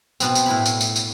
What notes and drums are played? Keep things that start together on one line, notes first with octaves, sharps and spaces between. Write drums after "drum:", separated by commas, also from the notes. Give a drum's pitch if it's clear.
B2 B3 C4, drum: tambourine
drum: tambourine
A2 E4 B5
drum: tambourine
drum: tambourine
drum: tambourine